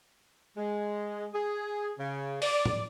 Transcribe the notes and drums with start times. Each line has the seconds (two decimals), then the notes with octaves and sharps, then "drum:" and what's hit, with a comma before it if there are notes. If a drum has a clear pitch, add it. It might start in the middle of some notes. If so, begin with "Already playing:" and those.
0.57 G#3
1.34 G#4
1.99 C#3
2.42 D5, drum: open hi-hat
2.65 drum: tom A2